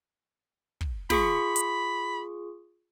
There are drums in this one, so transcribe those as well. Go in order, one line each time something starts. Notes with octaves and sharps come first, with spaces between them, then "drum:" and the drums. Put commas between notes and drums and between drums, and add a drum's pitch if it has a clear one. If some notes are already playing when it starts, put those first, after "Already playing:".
drum: kick
F4 G#4 B5 C#6, drum: snare
drum: hi-hat